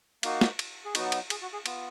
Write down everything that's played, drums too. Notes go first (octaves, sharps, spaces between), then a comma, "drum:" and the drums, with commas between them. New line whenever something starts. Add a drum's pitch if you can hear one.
A#3 D#4 F#4 F5, drum: cymbal
drum: snare
drum: cymbal
G#4
F#3 B3 D#4 F#4, drum: cymbal
drum: cymbal
G#4, drum: cymbal
F#4
G#4
B3 F4, drum: cymbal